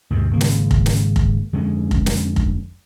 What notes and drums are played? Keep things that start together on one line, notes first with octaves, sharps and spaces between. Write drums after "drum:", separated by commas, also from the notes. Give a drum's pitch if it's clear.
D2 G2 B2
G#1 C#3 A#3
drum: snare
drum: kick F1
drum: snare
drum: kick F1
F2 D3 G#3 C#4
drum: kick F1
drum: snare
drum: kick F1